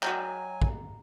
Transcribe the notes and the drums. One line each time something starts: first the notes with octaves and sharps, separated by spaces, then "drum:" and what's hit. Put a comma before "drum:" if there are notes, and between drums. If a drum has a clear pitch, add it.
F#3 F#4 D#5 G5 G#5 A#5, drum: clap
drum: kick